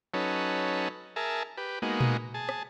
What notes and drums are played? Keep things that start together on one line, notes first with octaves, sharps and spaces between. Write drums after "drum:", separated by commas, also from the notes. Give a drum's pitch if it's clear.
F#3 C#4 D#4 A4 B4
G#4 A#4 E5 A5
G4 B4
G#3 A#3 B3 D#4 F#4
drum: tom A#2
G#4 A5
drum: rim click